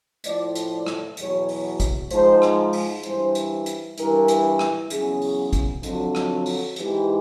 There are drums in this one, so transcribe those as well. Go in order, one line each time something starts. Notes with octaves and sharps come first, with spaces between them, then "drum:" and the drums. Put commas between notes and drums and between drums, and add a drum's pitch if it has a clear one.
A2 F3 D5, drum: hi-hat
drum: hi-hat
D5
drum: rim click
E2 B2 F#3 C#5, drum: hi-hat
drum: open hi-hat
drum: kick, hi-hat
G#2 F3 C5, drum: hi-hat
drum: rim click
drum: open hi-hat
G2 E3 C5, drum: hi-hat
drum: hi-hat
drum: hi-hat
G2 E3 A#4, drum: hi-hat
drum: hi-hat
drum: rim click
E2 C#3 F#3 G#4, drum: hi-hat
drum: open hi-hat
drum: kick, hi-hat
F2 D3 F#3, drum: hi-hat
drum: rim click
drum: open hi-hat
G#2 E3 G4, drum: hi-hat